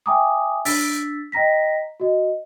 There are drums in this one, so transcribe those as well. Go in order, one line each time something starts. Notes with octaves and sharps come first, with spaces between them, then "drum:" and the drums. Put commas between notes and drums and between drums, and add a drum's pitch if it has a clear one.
E5 G5 G#5 A#5 D6 D#6
D4 E6 A6 B6, drum: open hi-hat
D#5 G5 A#5 A#6 B6
F#4 D#5